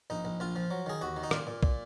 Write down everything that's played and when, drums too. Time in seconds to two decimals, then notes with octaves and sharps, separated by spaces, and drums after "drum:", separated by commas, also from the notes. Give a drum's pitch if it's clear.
0.10 A#1 D#4
0.25 A#1
0.40 A#1 F4
0.56 F3
0.71 F#3
0.86 D#3 G#4
1.01 D#2 F#4
1.16 D#3
1.23 D#4
1.31 A#2 F4, drum: rim click
1.47 A#2
1.63 A#2, drum: kick